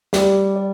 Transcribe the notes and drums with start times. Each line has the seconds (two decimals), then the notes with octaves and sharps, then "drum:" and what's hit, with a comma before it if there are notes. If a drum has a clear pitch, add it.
0.13 G3 G4, drum: snare
0.56 D5